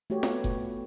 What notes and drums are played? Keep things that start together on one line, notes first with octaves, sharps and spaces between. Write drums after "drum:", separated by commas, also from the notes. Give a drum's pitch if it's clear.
A3 F#4 G4 C#5
B3 C#5, drum: snare F4
drum: kick F#1